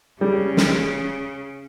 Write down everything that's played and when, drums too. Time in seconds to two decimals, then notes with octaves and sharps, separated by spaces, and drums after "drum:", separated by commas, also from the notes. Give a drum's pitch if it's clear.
0.21 C#3 G3
0.57 drum: snare